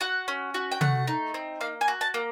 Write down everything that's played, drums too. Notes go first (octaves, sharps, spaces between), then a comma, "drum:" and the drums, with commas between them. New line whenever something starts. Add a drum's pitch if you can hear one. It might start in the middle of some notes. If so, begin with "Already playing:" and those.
F#4 F#5
C#4
F#4
G5
A3 F#5, drum: tom
D#4
C4
A#3 F5
G#5
F#4
A5
A#3